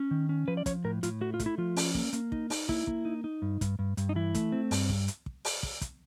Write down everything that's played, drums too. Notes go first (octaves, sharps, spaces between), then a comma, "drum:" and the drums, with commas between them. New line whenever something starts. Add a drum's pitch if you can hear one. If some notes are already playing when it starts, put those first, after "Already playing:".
Already playing: C#4
D#3
C#4
F3 B4
D5
F3 C#5, drum: kick, hi-hat
A2 A#4
A2 F4, drum: hi-hat
A3 F#4
F4
A3, drum: kick, hi-hat
E4
F3 F4
C#4, drum: open hi-hat
A#3, drum: kick
A#3, drum: hi-hat
D#4, drum: kick
D#4, drum: open hi-hat
A#3 E4, drum: kick
A#3, drum: kick
D#4
D#4
G2
G2, drum: kick, hi-hat
G2
G2, drum: hi-hat
D#4
E3 E4
A3, drum: kick, hi-hat
C4
G2, drum: open hi-hat
drum: kick
drum: hi-hat
drum: kick
drum: open hi-hat
drum: kick
drum: kick, hi-hat